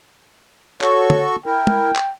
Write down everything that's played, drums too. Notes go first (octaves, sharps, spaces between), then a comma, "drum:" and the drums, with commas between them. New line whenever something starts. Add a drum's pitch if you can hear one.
F#4 A4 C#5 C#6, drum: clap
drum: tom
E4 A#4 G5
drum: tom
drum: clap